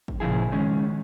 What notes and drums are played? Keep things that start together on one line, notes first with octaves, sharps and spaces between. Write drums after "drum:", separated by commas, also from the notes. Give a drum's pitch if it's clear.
drum: kick
A#2 C#3 F3 E4 G#4
D#3 G#3 C#4